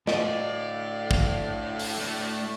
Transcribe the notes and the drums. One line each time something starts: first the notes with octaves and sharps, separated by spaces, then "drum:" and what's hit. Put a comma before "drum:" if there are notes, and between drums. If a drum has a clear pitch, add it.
D2 A2 D5 D#5 F5, drum: snare
drum: kick
drum: open hi-hat
A3 D5